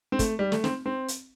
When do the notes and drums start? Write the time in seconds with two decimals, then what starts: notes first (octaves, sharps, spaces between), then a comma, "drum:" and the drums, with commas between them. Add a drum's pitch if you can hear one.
0.12 C4
0.19 A3, drum: kick, hi-hat
0.39 G3
0.52 A3, drum: snare
0.64 C4, drum: snare
0.86 C4
1.08 drum: hi-hat